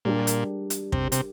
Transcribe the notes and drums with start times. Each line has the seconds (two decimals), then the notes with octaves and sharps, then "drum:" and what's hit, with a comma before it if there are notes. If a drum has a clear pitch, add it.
0.05 A#2 G3 D4 G4 A#4
0.27 drum: hi-hat
0.70 drum: hi-hat
0.92 C3, drum: kick
1.12 C3, drum: hi-hat